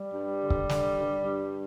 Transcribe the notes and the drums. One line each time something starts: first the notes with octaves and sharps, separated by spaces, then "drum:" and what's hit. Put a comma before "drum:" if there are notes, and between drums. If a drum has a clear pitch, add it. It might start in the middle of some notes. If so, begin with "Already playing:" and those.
Already playing: G3
G2
D3
drum: kick C#1
D3, drum: snare
G2
G2